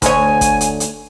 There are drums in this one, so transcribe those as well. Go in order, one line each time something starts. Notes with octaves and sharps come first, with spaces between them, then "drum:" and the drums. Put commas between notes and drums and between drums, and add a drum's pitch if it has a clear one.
D2 C#5 G#5, drum: kick, hi-hat
drum: kick, hi-hat
drum: hi-hat
drum: hi-hat